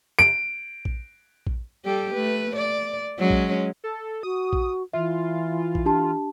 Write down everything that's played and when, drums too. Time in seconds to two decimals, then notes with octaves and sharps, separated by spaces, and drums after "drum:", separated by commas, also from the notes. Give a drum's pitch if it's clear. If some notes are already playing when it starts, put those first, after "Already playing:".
0.19 D7
0.85 drum: kick A#1
1.47 drum: kick A#1
1.85 G3 G4 A4
2.14 A3 B4
2.56 D5
3.19 F#3 G#3 C#4
3.30 drum: kick A#1
3.84 A4
4.23 F#4 D#6
4.53 drum: kick A#1
4.93 E3 F4 E5
5.75 drum: kick A#1
5.85 D4 G4 A5